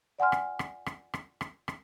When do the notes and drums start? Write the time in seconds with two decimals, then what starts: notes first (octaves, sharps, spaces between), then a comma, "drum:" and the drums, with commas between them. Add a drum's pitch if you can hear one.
0.19 D5 F#5 G#5 C6 F6
0.32 drum: rim click
0.59 drum: rim click
0.86 drum: rim click
1.14 drum: rim click
1.41 drum: rim click
1.68 drum: rim click